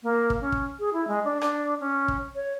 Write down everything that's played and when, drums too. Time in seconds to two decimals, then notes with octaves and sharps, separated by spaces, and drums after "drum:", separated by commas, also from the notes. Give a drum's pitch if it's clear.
0.03 A#3
0.30 drum: kick
0.41 C#4
0.52 drum: kick
0.79 G#4
0.93 E4
1.08 G#3
1.25 D4
1.41 D4, drum: rim click
1.80 C#4
2.08 drum: kick
2.35 C#5